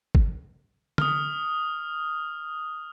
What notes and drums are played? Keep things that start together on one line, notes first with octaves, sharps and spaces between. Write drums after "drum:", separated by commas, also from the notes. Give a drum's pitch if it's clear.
drum: kick
D#6 F6, drum: tom D3